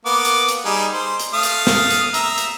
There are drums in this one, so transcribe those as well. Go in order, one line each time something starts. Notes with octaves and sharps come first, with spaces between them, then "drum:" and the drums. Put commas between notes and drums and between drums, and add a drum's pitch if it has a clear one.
A#3 B3 D6
drum: hi-hat
drum: hi-hat
G3 D#4 G#4
C5
drum: hi-hat
A3 F5 D#6
drum: hi-hat
drum: snare
drum: hi-hat
E5 A#5, drum: hi-hat
drum: hi-hat